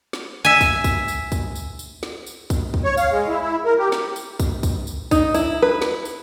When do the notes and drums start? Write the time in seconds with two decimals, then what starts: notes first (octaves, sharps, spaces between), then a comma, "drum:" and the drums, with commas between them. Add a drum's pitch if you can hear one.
0.13 drum: snare
0.45 E5 G#5
0.61 drum: kick, tambourine
0.84 drum: kick, tambourine
1.08 drum: tambourine
1.32 drum: kick, tambourine
1.55 drum: tambourine
1.79 drum: tambourine
2.03 drum: snare
2.26 drum: tambourine
2.50 drum: kick, tambourine
2.74 drum: kick
2.84 C#5
2.97 F5, drum: tambourine
3.11 G#3
3.28 E4
3.41 E4
3.65 A#4
3.79 G4
3.92 drum: snare
4.16 drum: tambourine
4.40 drum: kick, tambourine
4.63 drum: kick, tambourine
4.87 drum: tambourine
5.11 D#4, drum: kick, tambourine
5.34 E4, drum: tambourine
5.62 B4
5.82 drum: snare
6.05 drum: tambourine